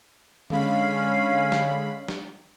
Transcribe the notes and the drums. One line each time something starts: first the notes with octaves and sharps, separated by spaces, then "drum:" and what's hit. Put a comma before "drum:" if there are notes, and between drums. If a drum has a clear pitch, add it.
D3 G#3 C#4 F5 B5, drum: tom D3
drum: snare
drum: snare